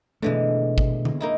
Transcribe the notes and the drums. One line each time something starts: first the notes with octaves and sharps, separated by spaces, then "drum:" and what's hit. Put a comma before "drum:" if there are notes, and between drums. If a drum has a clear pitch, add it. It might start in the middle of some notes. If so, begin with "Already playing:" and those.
B2 D3 E3 G#3 A3
drum: kick G#1
drum: tom D3
A#3 D#4 E4